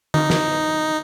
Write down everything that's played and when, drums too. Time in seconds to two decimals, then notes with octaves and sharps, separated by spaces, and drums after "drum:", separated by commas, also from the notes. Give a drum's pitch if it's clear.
0.14 D#4, drum: tom D3
0.30 drum: snare